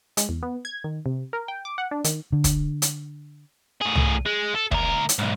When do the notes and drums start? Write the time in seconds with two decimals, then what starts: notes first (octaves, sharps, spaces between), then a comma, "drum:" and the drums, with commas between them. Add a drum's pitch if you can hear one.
0.17 G#3, drum: hi-hat
0.29 E2
0.43 B3
0.65 G#6
0.84 D#3
1.06 C3
1.33 A#4
1.48 G5
1.65 D6
1.78 F#5
1.91 D4
2.04 D#3, drum: hi-hat
2.32 D3
2.44 drum: kick, hi-hat
2.82 drum: hi-hat
3.81 A2 G#4
3.95 drum: tom C2
4.26 G#3
4.55 A4
4.71 D2 A#4, drum: kick
5.09 drum: hi-hat
5.19 B1 G#2